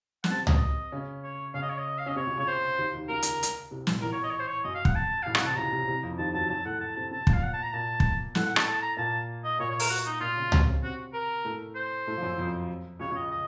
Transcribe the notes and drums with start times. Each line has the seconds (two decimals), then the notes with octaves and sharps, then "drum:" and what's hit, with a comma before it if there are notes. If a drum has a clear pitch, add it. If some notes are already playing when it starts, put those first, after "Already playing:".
0.24 F#5, drum: snare
0.30 C3 C4 A5
0.47 D#5, drum: tom C#2
0.92 C#3 C#4
1.24 C#5
1.54 C#3 C#4 F5
1.62 D#5
1.70 C#5
1.78 D#5
1.98 F5
2.06 C#4 D#5
2.16 C3 C4 C#5
2.27 C#2 C#3
2.37 C#2 C#3 C#5
2.47 C5
2.78 D#2 D#3
2.94 D#2 D#3
3.09 C#2 C#3 A#4
3.22 drum: hi-hat
3.43 drum: hi-hat
3.71 C2 C3
3.87 A#1 A#2, drum: snare
4.02 A1 A2 A#4
4.12 C#5
4.23 D#5
4.30 C#5
4.39 C5
4.47 C#5
4.64 F#2 D#5
4.75 F5
4.85 F#5, drum: kick
4.96 A5
5.23 A1 A2 F5
5.35 F#5, drum: rim click
5.42 C2 C3
5.46 A5
5.56 C#2 C#3 A#5
5.72 C2 C3
5.88 C2 C3
6.03 F2 F3
6.19 D#2 D#3 A5
6.34 F#2 F#3 A5
6.49 F#2 F#3 A5
6.65 A2 A3 F#5
6.81 A5
6.96 C3 C4 A5
7.11 C3 C4 A5
7.27 A#2 A#3, drum: kick
7.33 F5
7.43 F#5
7.53 A5
7.63 A#5
7.73 A#2 A#3 A5
8.00 drum: kick
8.35 A2 A3 F#5, drum: snare
8.46 F#5
8.56 A5, drum: rim click
8.67 A5
8.82 A#5
8.97 A#2 A#3 A5
9.44 D#5
9.59 A#2 A#3 C#5
9.70 C#5
9.80 A#4, drum: open hi-hat
9.90 F#4
10.06 D#4
10.21 A#2 A#3 F4
10.36 C#3 C#4
10.52 C3 C4, drum: tom C#2
10.68 C#3 C#4
10.83 C3 C4 F#4
11.14 A#4
11.45 A2 A3
11.76 C5
12.07 A2 A3
12.18 F3
12.22 F#2 F#3
12.38 F2 F3
12.99 C#2 C#3 C#5
13.10 C#2 C#3
13.15 D#5
13.31 D#5